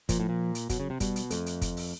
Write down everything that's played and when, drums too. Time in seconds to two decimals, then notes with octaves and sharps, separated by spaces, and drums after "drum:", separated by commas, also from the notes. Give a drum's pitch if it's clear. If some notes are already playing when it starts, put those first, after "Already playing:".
0.09 A#2 F3, drum: kick, hi-hat
0.20 A2
0.29 A#2
0.55 drum: hi-hat
0.69 B2 F#3, drum: kick, hi-hat
0.80 C#3
0.90 C3
1.00 B2 G3, drum: kick, hi-hat
1.16 drum: hi-hat
1.30 F2 A3, drum: hi-hat
1.46 drum: hi-hat
1.61 drum: kick, hi-hat
1.77 drum: open hi-hat